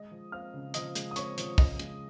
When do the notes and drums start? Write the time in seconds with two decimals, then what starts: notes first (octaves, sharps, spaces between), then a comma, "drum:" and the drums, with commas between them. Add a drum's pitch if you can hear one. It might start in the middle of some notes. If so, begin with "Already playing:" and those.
Already playing: G#3 D#5 D#6
0.11 F3
0.32 C4 F5 F6
0.54 C#3
0.74 F3 D#5 D#6, drum: hi-hat
0.95 G#3, drum: hi-hat
1.11 D#6
1.16 C4 C#5 C#6, drum: hi-hat
1.38 F3, drum: hi-hat
1.58 C#3 D#5 D#6, drum: kick, open hi-hat
1.79 G#3, drum: hi-hat